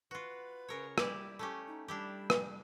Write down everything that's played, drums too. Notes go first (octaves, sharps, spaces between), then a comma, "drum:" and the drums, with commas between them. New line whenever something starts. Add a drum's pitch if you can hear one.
F4 F#4 B4
C#3 A#4 C#5
G3 E4 G4 D5, drum: rim click
A3 C#4 G4
D#4
G3 D4 E4 G4
drum: rim click